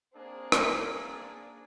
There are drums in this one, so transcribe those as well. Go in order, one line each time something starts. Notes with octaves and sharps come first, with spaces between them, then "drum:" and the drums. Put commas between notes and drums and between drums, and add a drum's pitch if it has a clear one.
A#3 C4 D4 G#4
drum: rim click